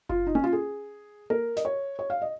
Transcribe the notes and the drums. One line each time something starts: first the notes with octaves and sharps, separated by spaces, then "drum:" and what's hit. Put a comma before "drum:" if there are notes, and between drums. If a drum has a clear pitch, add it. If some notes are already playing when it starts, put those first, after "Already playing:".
F4, drum: kick F#1
D#4
C#4, drum: tom A#3
F4
G#4
A#4, drum: tom A#3
D#5, drum: snare
C#5
C#5
F5
D#5